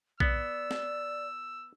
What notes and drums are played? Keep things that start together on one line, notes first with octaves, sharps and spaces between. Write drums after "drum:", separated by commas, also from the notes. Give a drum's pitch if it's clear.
B3 D5 E6, drum: kick A#1
drum: snare